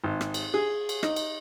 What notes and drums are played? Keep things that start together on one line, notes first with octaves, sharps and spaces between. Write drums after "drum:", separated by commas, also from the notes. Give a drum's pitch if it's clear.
G#1
drum: rim click
drum: cymbal
G#4
drum: cymbal
D#4, drum: rim click
drum: cymbal